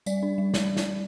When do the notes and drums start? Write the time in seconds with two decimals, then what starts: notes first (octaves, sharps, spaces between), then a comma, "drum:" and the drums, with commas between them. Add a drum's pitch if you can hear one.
0.06 G3 D5, drum: tambourine
0.23 D4
0.38 G3
0.54 D4, drum: snare
0.77 drum: snare